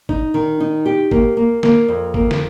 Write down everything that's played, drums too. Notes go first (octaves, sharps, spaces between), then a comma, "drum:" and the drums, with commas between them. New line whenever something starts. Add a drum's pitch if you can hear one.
D#4, drum: kick
D#3
D#4
G4
A#3, drum: kick
A#3
A#3, drum: snare
F2
A#3, drum: kick
drum: snare